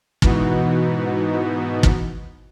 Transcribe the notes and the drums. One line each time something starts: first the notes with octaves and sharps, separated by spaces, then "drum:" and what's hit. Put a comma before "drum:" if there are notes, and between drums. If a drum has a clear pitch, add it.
G#2 B2 E3 B3 D#4 F#4, drum: kick
drum: kick